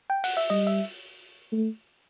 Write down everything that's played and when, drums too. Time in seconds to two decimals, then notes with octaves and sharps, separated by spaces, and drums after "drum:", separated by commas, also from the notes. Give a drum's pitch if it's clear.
0.10 G5
0.24 F#5, drum: open hi-hat
0.37 E5
0.50 G3 D#5
0.67 E5
1.52 A3